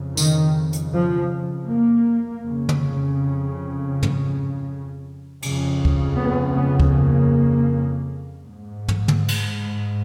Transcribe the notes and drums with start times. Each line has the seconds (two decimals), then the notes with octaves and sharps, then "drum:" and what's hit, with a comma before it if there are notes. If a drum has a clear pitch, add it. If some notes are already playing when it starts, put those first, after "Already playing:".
Already playing: F2 C#3
0.17 D#3, drum: tambourine
0.73 drum: hi-hat
0.93 F3
1.68 A#3
2.43 F2 C#3
2.69 drum: tom
4.03 drum: tom
5.42 F2 C#3, drum: cymbal
5.85 drum: kick D2
6.17 B3
6.55 B3
6.80 drum: kick D2
6.93 A#3
8.43 G#2
8.88 drum: tom
9.08 drum: tom
9.28 drum: cymbal